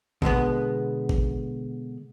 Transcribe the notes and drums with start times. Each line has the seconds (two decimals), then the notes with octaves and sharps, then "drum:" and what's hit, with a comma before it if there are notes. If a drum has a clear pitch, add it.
0.22 B2 D3 G#3 B3, drum: kick
1.09 drum: kick